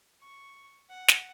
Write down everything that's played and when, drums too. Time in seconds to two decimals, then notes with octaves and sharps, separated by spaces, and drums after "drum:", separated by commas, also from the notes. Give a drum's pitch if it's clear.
0.21 C#6
0.89 F#5
1.08 drum: snare